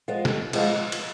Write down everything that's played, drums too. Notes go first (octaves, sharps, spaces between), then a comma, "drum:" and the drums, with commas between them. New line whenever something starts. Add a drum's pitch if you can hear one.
F3 G#3 B3 F4
drum: snare
F3 G#3 B3 F4, drum: cymbal
drum: cymbal